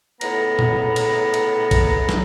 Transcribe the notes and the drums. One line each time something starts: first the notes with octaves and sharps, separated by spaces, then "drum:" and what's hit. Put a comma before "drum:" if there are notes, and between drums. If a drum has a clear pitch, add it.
C#2 A2 B3 A#5, drum: cymbal
drum: tom A#2
drum: cymbal
drum: cymbal
drum: kick A#1, cymbal
drum: snare